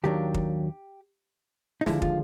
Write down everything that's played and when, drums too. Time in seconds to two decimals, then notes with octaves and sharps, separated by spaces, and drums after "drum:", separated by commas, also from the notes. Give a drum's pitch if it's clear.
0.03 D#2 D#3 F#3 A#3 D4 G4
0.34 drum: kick
1.81 D#4
1.86 D#2 D3 F3 G#3 E4, drum: snare
2.02 F4, drum: kick